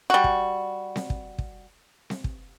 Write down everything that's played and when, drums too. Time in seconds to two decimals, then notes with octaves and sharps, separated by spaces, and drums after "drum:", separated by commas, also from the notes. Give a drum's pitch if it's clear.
0.10 G3 F#4
0.24 drum: kick
0.96 drum: snare C4
1.10 drum: kick
1.38 drum: kick
2.10 drum: snare C4
2.24 drum: kick